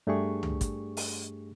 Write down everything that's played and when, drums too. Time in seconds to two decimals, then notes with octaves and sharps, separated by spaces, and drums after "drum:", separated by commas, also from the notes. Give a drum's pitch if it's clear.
0.07 G2 A3 D4 G4 G#4 C#6
0.43 drum: tom C#2
0.61 drum: kick G#1, hi-hat
0.97 drum: open hi-hat